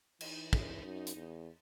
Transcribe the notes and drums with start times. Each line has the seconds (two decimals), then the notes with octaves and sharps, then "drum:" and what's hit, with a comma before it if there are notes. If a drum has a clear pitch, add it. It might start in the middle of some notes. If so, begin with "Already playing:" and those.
0.21 E3 D#4, drum: cymbal
0.53 D#4, drum: kick
0.84 F#2
1.07 drum: hi-hat
1.16 E2